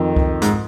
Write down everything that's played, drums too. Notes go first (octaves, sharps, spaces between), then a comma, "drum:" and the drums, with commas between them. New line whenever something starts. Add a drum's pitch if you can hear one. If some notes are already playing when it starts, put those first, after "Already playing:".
Already playing: F2 D#3
drum: kick C2
G#2, drum: hi-hat